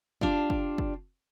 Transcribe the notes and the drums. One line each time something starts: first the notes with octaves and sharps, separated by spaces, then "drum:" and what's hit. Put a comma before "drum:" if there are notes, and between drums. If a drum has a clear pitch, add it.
D4 F4 G4 D5, drum: kick
drum: kick
drum: kick